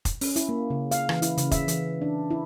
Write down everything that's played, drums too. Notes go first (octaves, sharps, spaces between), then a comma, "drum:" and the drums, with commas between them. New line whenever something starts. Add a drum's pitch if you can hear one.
drum: kick F1, hi-hat
C#4, drum: open hi-hat
E4, drum: hi-hat
A#3
C#3
F5, drum: hi-hat
E3, drum: rim click
E4, drum: hi-hat
C#3, drum: hi-hat
E5, drum: kick F1, hi-hat
E3, drum: hi-hat
D4
E4